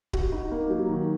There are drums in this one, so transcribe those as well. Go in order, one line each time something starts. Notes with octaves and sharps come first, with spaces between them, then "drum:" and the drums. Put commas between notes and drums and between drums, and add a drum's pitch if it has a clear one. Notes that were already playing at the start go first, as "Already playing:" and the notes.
F#4, drum: kick D1
D#4
A#3
F#3
D#3